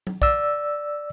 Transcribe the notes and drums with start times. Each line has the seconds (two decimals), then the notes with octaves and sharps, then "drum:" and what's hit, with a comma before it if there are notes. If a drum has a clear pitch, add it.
0.07 drum: tom F#3
0.22 D5 E6, drum: kick